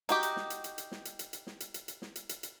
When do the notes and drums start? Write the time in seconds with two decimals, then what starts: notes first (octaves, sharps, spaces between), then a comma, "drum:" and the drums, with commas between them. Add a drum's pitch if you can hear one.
0.09 D#4 F#4 G4, drum: hi-hat
0.23 drum: hi-hat
0.36 drum: snare
0.50 drum: hi-hat
0.64 drum: hi-hat
0.78 drum: hi-hat
0.92 drum: snare
1.05 drum: hi-hat
1.19 drum: hi-hat
1.33 drum: hi-hat
1.47 drum: snare
1.60 drum: hi-hat
1.74 drum: hi-hat
1.88 drum: hi-hat
2.02 drum: snare
2.16 drum: hi-hat
2.29 drum: hi-hat
2.43 drum: hi-hat